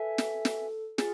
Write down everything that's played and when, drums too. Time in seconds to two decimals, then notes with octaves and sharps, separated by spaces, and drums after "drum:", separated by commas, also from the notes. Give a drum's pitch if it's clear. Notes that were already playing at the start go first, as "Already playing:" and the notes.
Already playing: A4 B4 E5 G#5
0.18 drum: snare
0.45 drum: snare
0.98 F4 G#4, drum: snare